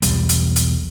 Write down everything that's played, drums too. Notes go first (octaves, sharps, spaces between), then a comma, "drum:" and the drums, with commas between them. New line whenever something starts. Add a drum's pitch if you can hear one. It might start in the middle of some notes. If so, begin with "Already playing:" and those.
B1 E2 G3, drum: hi-hat
drum: hi-hat
drum: hi-hat